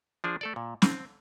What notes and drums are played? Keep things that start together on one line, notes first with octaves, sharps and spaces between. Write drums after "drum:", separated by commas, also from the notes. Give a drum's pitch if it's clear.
F3 D4 G#4
A3 A4 D5
A#2
C4, drum: snare